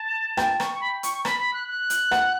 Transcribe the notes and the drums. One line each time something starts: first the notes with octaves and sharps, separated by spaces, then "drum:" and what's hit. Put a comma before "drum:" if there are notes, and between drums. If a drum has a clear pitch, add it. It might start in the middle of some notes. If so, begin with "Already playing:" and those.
Already playing: A5
G5 A5, drum: rim click
C#6, drum: rim click
C#6
B5
C#6, drum: hi-hat
C#6
B5, drum: rim click
B5
F#6
F#6
drum: hi-hat
F#5, drum: rim click